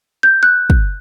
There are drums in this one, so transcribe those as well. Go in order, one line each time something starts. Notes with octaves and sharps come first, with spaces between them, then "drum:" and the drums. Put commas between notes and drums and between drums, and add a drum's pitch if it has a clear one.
G6
F#6
drum: kick